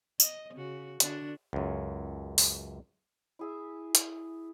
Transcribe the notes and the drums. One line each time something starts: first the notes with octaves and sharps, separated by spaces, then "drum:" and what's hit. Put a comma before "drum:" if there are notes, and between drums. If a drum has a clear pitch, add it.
D#5, drum: tambourine
C#3 F#4
D3 D4 F#4, drum: hi-hat
C#2 F#2
drum: open hi-hat
E4 G#4 E5
drum: hi-hat